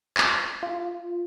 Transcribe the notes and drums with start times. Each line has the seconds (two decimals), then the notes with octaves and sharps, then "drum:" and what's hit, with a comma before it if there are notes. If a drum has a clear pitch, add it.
0.17 B6, drum: clap
0.63 F4